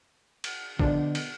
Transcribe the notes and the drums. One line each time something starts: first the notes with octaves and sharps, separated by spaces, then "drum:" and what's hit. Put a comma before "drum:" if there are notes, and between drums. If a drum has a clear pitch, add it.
drum: cymbal
B2 D3 F3 D4, drum: kick
drum: cymbal